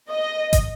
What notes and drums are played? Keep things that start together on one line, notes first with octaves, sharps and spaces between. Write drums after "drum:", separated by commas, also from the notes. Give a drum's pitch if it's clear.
D#5
drum: kick, hi-hat